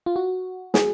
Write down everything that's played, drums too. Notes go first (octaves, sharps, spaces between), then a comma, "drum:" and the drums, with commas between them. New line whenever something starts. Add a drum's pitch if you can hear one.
F4
F#4
G#4, drum: snare